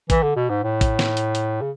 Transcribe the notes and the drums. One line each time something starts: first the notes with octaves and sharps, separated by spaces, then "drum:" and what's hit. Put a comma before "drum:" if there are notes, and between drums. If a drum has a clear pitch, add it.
E3, drum: kick, hi-hat
D3
B2
G#2
A2
drum: kick, hi-hat
drum: snare
drum: hi-hat
drum: hi-hat
C#3